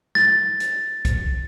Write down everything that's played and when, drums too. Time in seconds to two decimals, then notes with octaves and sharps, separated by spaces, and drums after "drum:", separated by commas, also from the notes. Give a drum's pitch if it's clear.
0.15 A6, drum: snare
0.60 drum: hi-hat
1.05 drum: kick B1, hi-hat